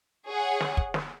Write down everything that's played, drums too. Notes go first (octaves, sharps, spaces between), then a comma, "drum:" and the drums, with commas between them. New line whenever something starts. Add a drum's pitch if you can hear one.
G#4 C#5 F#5
drum: snare
drum: kick
drum: snare